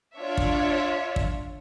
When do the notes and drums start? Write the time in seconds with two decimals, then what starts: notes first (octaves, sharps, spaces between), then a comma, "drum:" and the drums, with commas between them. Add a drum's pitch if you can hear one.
0.18 D4 F4 C#5 E5
0.38 drum: kick
1.16 drum: kick